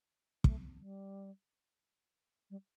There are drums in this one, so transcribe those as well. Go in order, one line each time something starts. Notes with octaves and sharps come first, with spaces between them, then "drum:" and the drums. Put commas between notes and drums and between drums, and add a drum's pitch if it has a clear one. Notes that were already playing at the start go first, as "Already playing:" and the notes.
A3, drum: kick
G3
G3